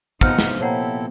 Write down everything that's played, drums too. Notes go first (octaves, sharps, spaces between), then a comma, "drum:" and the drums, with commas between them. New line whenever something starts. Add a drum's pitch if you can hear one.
C3 F3 B3 D#4 F#5 F6 G6, drum: kick
drum: snare
A#2 C4 E4 A4 C#5 F#5 A#5